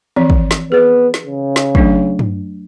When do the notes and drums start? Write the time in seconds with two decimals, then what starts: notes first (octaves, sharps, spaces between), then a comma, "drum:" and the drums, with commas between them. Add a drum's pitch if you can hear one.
0.16 E3 F3 C4
0.30 drum: kick
0.51 drum: snare
0.72 B3 G#4 B4
1.14 drum: snare
1.27 C#3
1.56 drum: snare
1.75 F#3 A3 D4, drum: kick
2.19 drum: tom